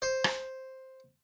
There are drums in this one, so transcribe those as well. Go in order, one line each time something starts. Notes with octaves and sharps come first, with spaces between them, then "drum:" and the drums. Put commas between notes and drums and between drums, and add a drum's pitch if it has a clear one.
C5
drum: rim click